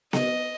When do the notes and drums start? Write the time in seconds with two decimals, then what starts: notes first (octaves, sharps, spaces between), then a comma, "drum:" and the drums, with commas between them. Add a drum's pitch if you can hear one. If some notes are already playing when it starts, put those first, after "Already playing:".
0.13 D#5, drum: snare B3